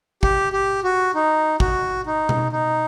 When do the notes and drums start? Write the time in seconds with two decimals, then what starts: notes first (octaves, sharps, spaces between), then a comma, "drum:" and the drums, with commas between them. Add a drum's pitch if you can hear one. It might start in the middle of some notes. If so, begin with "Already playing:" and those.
0.23 G4, drum: kick
0.53 G4
0.84 F#4
1.15 D#4
1.60 F#4, drum: kick
2.06 D#4
2.29 drum: tom B2
2.52 D#4